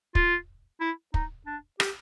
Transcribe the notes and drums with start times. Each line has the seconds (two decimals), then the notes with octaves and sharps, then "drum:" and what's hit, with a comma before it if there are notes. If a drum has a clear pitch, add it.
0.15 F4, drum: kick
0.80 E4
1.14 D#4, drum: kick
1.46 D4
1.80 G4, drum: rim click